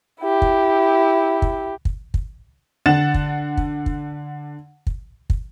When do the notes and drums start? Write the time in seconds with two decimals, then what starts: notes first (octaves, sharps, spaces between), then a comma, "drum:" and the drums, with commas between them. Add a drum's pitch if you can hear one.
0.21 E4 G4
0.42 drum: kick
1.42 drum: kick
1.85 drum: kick
2.14 drum: kick
2.86 D3 F#5 A6 E7
3.14 drum: kick
3.57 drum: kick
3.86 drum: kick
4.87 drum: kick
5.30 drum: kick